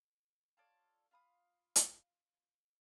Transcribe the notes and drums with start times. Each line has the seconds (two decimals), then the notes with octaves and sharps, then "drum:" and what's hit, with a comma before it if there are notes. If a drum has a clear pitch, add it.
0.57 F4 A4 C#5 D5
1.11 F4 F5 B5 D#6
1.76 drum: hi-hat